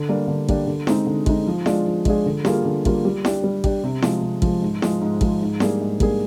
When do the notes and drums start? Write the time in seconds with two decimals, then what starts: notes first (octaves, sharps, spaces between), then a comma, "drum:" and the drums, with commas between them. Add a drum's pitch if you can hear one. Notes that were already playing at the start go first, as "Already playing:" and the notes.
Already playing: D3
0.09 G3 A#3 D4 G4
0.28 D3
0.49 G3 A#3 D4 G4, drum: kick A1
0.67 D3
0.87 G#3 C4 D#4, drum: snare E4
1.07 D3
1.26 G#3 C4 D#4, drum: kick A1
1.47 F3
1.66 G#3 D4 F4 G#4, drum: snare E4
1.87 F3
2.05 G#3 D4 F4 G#4, drum: kick A1
2.26 D3
2.45 G3 A#3 F4 G#4, drum: snare E4
2.65 D3
2.85 G3 A#3 F4 G#4, drum: kick A1
3.05 G3
3.25 D4 G4, drum: snare E4
3.44 G3
3.64 D4 G4, drum: kick A1
3.83 C3
4.02 F3 G#3, drum: snare E4
4.23 C3
4.42 F3 G#3, drum: kick A1
4.62 G#2
4.82 F3 G#3, drum: snare E4
5.01 G#2
5.21 F3 G#3, drum: kick A1
5.42 G#2
5.60 G3 A#3 D4 G#4, drum: snare E4
5.81 G#2
6.00 G3 A#3 D4 G#4, drum: kick A1